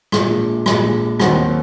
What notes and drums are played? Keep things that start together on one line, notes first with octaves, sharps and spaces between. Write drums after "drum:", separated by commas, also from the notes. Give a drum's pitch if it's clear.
A#1 A#2 G#3, drum: rim click
A#1 A#2 G#3, drum: rim click
D#2 D#3 F#3 C4 F#4, drum: rim click